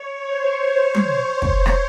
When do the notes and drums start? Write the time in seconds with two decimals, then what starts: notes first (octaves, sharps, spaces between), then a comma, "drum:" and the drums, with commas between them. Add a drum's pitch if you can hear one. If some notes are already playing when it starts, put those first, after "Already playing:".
Already playing: C#5
0.23 C5
0.95 drum: tom F#3
1.42 drum: kick
1.66 drum: rim click